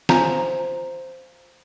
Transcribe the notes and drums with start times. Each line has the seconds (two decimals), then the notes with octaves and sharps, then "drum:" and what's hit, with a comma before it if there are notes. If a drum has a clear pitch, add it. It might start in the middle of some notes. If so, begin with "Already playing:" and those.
0.09 F4 C5 G#5 A#5, drum: snare